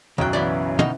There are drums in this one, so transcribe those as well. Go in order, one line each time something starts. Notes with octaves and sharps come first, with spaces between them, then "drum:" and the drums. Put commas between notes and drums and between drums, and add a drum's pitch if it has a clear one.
B1 F#2 D#3 G5 F#6
C#3 E3 B3 D5
B2 D#3 D#4, drum: tom